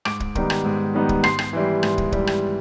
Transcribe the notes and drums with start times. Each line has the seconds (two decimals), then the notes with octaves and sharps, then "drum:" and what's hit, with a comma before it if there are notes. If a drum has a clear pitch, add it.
0.05 G#2 D6 D7, drum: rim click
0.20 drum: kick
0.35 D#3 G3 B3 D#4, drum: kick
0.50 drum: rim click
0.65 G#2
0.94 D#3 G3 B3 D#4
1.09 drum: kick
1.24 G#2 C6 C7, drum: rim click
1.39 drum: rim click
1.53 E3 G3
1.83 G#2, drum: rim click
1.98 drum: kick
2.12 E3 G3, drum: kick
2.27 drum: rim click